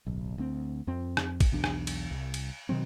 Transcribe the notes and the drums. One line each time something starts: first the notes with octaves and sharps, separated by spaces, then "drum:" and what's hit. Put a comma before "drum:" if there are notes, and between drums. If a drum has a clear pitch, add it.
D1 B1
D2 C4
F2 C4
drum: rim click
drum: kick, cymbal
B1 E2 D4
drum: rim click
drum: cymbal
C2
drum: cymbal
B2 D#3 F#3 C4